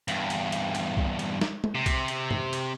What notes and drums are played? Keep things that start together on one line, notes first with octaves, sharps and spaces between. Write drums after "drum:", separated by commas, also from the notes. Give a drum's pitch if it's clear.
E2 G2, drum: cymbal
drum: cymbal
drum: cymbal
drum: cymbal
drum: kick B1
drum: cymbal
drum: snare
drum: tom G#3
C3
drum: kick B1, cymbal
drum: cymbal
drum: tom F#2
drum: cymbal